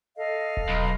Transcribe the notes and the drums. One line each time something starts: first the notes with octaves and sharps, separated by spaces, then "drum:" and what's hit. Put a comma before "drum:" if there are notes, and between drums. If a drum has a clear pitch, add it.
A4 D#5 F5
drum: kick D#1
B1